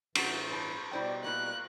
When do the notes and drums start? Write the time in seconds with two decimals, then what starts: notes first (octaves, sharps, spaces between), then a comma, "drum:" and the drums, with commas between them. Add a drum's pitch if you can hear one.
0.15 A2 E3 G3 C#4 F#4, drum: cymbal
0.50 G2 A5 B5
0.91 B2 G3 E4 C5 D5 G5
1.24 A#3 E4 A#4 F#6